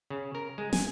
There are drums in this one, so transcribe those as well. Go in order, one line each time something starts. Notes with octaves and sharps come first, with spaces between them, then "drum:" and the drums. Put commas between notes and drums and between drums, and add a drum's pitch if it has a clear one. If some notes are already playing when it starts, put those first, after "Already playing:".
C#3
A#4
G#3
G#5, drum: snare